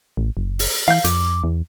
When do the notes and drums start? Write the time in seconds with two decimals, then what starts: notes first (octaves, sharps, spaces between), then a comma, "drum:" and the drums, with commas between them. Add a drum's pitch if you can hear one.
0.17 A1
0.37 F#1
0.59 drum: open hi-hat
0.88 E3 F5 G6
1.04 F2 D6, drum: hi-hat
1.44 E2